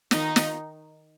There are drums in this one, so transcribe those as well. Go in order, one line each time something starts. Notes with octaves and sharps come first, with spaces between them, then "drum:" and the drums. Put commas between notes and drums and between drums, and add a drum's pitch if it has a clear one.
D#3 D#4, drum: snare
drum: snare